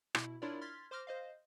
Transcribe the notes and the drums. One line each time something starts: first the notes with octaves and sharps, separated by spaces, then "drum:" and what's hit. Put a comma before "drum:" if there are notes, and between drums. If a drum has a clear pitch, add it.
B2 E4, drum: rim click
D4 E4 F4 A#4 C#5 D5
C6 F6 G#6 A6 B6
C5 C6 D6 F6 G6 A#6
C5 D#5 F5